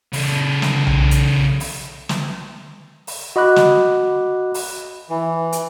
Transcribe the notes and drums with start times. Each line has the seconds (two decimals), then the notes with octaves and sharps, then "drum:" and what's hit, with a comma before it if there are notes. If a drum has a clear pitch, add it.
0.13 C#3 A4, drum: open hi-hat
0.62 drum: snare
0.87 drum: tom B1
1.11 drum: hi-hat
1.60 drum: open hi-hat
2.09 drum: snare
3.07 drum: open hi-hat
3.36 F#4 D#5 B5 D6 F#6
3.56 drum: snare
4.54 drum: open hi-hat
5.10 E3
5.52 drum: hi-hat